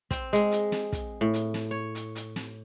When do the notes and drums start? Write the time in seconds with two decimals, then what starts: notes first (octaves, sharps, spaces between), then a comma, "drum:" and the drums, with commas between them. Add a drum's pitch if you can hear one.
0.11 C4, drum: kick, hi-hat
0.33 G#3, drum: hi-hat
0.52 drum: hi-hat
0.72 drum: snare
0.93 drum: kick, hi-hat
1.21 A2
1.33 drum: hi-hat
1.54 drum: snare
1.71 C#5
1.95 drum: hi-hat
2.15 drum: hi-hat
2.36 drum: snare